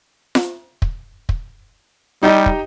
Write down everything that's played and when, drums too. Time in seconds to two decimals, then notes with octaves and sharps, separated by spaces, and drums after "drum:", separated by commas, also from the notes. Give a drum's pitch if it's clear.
0.35 drum: snare F4
0.82 drum: kick
1.29 drum: kick
2.23 G3 D#4 G4 D#5
2.46 drum: kick